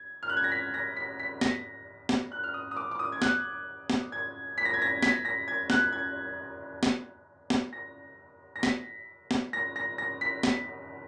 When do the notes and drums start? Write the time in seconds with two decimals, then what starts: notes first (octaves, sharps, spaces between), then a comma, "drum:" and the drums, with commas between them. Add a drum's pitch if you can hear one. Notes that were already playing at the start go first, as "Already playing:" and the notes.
Already playing: G#6
0.23 F6
0.29 F#6
0.37 G#6
0.44 A#6
0.52 B6
0.74 A#6
0.97 B6
1.19 B6
1.41 A#6, drum: snare
2.09 drum: snare
2.32 F#6
2.44 F6
2.54 D#6
2.71 D#6
2.77 D6
2.91 D6
2.99 D#6
3.12 G#6
3.22 F#6, drum: snare
3.90 drum: snare
4.12 G#6
4.58 B6
4.65 A#6
4.74 G#6
4.82 A#6
5.03 B6, drum: snare
5.25 A#6
5.48 G#6
5.70 F#6, drum: snare
5.92 G#6
6.83 drum: snare
7.50 drum: snare
7.73 A#6
8.56 A#6
8.63 B6, drum: snare
9.31 drum: snare
9.53 A#6
9.76 A#6
9.98 A#6
10.21 B6
10.43 drum: snare